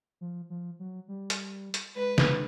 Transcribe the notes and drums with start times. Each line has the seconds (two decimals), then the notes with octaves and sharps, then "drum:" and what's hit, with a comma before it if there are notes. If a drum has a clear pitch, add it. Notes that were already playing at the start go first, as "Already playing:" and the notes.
0.21 F3
0.50 F3
0.79 F#3
1.08 G3
1.30 drum: hi-hat
1.74 drum: hi-hat
1.96 G#3 B4
2.18 drum: snare